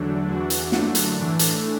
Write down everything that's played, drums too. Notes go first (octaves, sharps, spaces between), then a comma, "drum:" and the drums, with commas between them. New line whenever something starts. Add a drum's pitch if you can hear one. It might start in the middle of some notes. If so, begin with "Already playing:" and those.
Already playing: E2 D3 F#3 A3 D4
E2 E3 D4 F#4
drum: hi-hat
F#2 D3 F#3 A3 D4, drum: snare
drum: hi-hat
A2 E3 A3 D4
drum: hi-hat